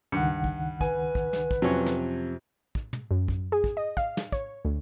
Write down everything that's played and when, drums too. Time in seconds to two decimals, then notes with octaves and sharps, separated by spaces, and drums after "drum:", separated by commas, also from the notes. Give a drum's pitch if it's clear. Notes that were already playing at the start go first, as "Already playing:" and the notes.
0.12 C#2 G2 D#3 F#5 C#7
0.44 drum: kick
0.81 B4 G#5, drum: kick
1.15 drum: kick
1.33 drum: snare
1.51 drum: kick
1.62 F2 C3 F#3 C#4
1.86 drum: snare
2.75 drum: kick
2.93 drum: tom
3.11 F#2
3.28 drum: kick
3.52 G#4
3.64 drum: kick
3.77 D#5
3.97 F5, drum: kick
4.17 drum: snare
4.32 C#5, drum: kick
4.65 D2